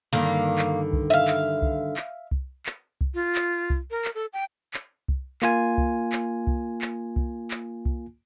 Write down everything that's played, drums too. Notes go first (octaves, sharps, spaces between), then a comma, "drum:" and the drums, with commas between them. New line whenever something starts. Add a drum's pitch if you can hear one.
G2 D3 D#3 A#3
drum: clap
drum: kick C2
E5 F5
drum: clap
drum: kick C2
drum: clap
drum: kick C2
drum: clap
drum: kick C2
F4
drum: clap
drum: kick C2
A#4
drum: clap
A4
G5
drum: clap
drum: kick C2
A#3 F4 G#5, drum: clap
drum: kick C2
drum: clap
drum: kick C2
drum: clap
drum: kick C2
drum: clap
drum: kick C2